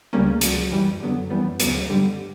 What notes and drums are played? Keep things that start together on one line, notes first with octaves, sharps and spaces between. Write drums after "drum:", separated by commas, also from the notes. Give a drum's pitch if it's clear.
D2 C#3 G3 A#3 C#4
C#2 C#3 F#3, drum: hi-hat
F#2 E3 G3
F#2 D3 F#3 B3
F#2 E3 G3 B3
D2 C#3 F#3 B3, drum: hi-hat
G2 D3 G3